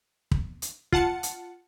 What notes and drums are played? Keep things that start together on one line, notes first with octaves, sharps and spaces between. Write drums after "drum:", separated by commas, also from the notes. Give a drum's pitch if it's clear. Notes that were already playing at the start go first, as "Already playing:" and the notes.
drum: kick
drum: hi-hat
F4 F#5 A5 C#7, drum: kick
drum: hi-hat